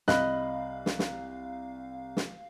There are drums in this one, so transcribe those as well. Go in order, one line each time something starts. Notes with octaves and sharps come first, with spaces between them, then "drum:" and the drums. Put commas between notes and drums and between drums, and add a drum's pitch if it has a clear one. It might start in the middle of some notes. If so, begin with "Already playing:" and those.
C2 D#5 F5 B5 F#6, drum: snare
drum: snare
drum: snare
drum: snare